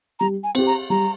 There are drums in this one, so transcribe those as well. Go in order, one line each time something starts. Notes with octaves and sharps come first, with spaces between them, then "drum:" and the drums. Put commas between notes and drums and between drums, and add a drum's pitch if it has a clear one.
G3 A#5
G#5
C4 G4, drum: cymbal
A#5
G3 A#5